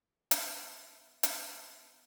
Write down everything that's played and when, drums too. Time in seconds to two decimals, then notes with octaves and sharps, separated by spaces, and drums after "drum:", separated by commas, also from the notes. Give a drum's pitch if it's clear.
0.31 B3 E5, drum: hi-hat
1.23 drum: hi-hat